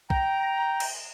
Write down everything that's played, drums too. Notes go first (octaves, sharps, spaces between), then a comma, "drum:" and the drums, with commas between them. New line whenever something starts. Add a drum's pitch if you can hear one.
G5 A#5, drum: kick
drum: cymbal